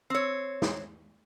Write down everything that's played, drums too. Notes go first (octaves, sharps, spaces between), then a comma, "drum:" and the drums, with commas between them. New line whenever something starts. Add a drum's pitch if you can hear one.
C4 C#5
drum: snare